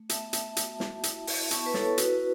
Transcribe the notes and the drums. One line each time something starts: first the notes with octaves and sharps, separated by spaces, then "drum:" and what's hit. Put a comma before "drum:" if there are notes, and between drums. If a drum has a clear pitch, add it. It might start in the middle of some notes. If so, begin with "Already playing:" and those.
Already playing: A3
B3 E5 A5, drum: hi-hat
B3 E5 A5, drum: hi-hat
F#4, drum: hi-hat
F#4, drum: snare
E4, drum: hi-hat
E4, drum: open hi-hat
B3 A5 C#6, drum: hi-hat
B4
E4 A4 C#5, drum: snare
F#4 B4, drum: hi-hat